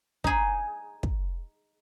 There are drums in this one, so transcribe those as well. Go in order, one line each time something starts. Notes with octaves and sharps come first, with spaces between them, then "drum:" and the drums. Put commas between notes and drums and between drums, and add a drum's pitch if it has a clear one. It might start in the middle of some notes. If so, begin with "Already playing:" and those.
D#4 G#4, drum: kick
drum: kick